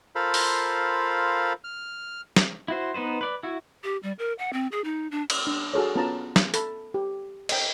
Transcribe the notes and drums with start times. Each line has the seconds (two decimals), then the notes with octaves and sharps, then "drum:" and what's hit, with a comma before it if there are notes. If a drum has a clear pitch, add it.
0.16 F4 A4 A#4 C5 F5 B5
0.34 drum: open hi-hat
1.64 F6
2.36 drum: snare
2.68 E4 F#4 C5
2.94 B3 D#4 B4 C5
3.21 B4 D5
3.43 E4 F#4
3.84 G4
4.03 G3
4.19 A#4
4.39 F#5
4.53 C4
4.72 G#4
4.84 D#4
5.11 D4
5.30 drum: cymbal
5.47 D4
5.74 F#4 G#4 A4 C#5
5.96 B3 C#4 F4 A5 A#5
6.36 drum: snare
6.54 A4 B5, drum: hi-hat
6.94 G4
7.49 D#5 G5, drum: cymbal